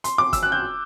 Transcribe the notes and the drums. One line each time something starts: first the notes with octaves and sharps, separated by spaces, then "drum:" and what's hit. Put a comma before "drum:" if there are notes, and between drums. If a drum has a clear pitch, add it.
C6, drum: hi-hat
D6
E6, drum: kick, hi-hat
F#6
G6